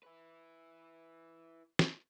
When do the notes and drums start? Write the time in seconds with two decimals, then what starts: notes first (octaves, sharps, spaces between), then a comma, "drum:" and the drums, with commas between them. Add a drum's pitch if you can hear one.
0.03 E4 B4
1.79 drum: snare